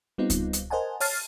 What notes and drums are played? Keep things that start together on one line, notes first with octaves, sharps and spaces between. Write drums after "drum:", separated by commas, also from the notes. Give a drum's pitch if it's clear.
G3 B3 C4 D#4 F4
drum: kick C#2, hi-hat
drum: hi-hat
A#4 C5 D#5 F#5 G#5 A5
C#5 A5 F6 A6 C7, drum: open hi-hat